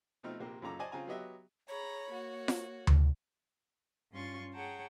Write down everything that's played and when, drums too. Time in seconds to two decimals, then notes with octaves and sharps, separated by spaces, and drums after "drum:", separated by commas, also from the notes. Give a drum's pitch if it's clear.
0.23 B2 F3 A3 C4 D#4 F6
0.40 A#1 C3 A#3 G4
0.62 F#2 A#2 C#3 A4 A#5 D6
0.79 C5 D5 D#5 G#5 A5
0.92 C#3 C4 F4 G#5 A#5
1.07 F#3 B3 F#4 G4 D#5 E5
1.68 G#4 C#5 A#5 B5
2.11 A#3 F#4
2.48 drum: snare F4
2.87 drum: tom D2
4.12 G2 C#4 F4 C6 C#6 A6
4.53 G#4 C#5 F#5 G5 A5 A#5